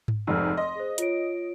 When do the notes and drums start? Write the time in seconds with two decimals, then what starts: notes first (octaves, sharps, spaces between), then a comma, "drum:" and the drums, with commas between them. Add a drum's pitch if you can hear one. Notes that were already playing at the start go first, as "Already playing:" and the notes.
0.08 drum: tom G#2
0.27 F1 G#2 E6 F6
0.57 D#5 C6
0.75 G#4 C5
0.98 F4 C#5 D7, drum: hi-hat